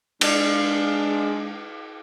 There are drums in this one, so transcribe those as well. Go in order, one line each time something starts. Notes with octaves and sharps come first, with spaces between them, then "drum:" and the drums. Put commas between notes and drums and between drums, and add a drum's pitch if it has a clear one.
G#3 D4, drum: cymbal